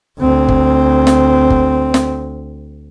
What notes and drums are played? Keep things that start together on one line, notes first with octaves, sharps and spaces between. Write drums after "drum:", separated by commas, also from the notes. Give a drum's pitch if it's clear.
D2 C4
drum: kick G1
drum: snare
drum: kick G1
drum: snare